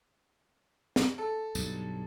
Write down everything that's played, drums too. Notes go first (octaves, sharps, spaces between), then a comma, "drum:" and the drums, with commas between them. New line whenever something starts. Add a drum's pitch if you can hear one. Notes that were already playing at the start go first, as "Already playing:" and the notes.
drum: snare
A4
B1 G2, drum: tambourine